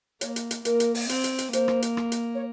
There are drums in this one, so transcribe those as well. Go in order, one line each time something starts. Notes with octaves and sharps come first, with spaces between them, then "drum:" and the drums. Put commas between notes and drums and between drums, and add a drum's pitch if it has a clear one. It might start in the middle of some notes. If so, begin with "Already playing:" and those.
A#3 C#5, drum: hi-hat
drum: hi-hat
drum: hi-hat
A#3 A#4, drum: hi-hat
drum: hi-hat
drum: open hi-hat
C4, drum: hi-hat
drum: hi-hat
drum: hi-hat
A#3 C5, drum: hi-hat
drum: rim click
drum: hi-hat
drum: rim click
drum: hi-hat
C#5